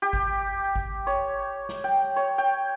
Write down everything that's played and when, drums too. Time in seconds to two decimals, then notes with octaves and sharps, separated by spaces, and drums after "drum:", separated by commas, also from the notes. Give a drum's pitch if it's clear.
0.02 G4
0.13 drum: kick G#1
0.76 drum: kick G#1
1.07 C#5
1.69 drum: snare
1.84 G5
2.16 C#5
2.38 G5